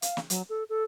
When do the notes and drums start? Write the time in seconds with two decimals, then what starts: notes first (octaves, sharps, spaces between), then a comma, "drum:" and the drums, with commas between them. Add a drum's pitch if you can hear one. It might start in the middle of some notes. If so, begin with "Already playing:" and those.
0.02 F5, drum: hi-hat
0.17 drum: snare
0.30 F#3, drum: hi-hat
0.49 A4
0.69 A4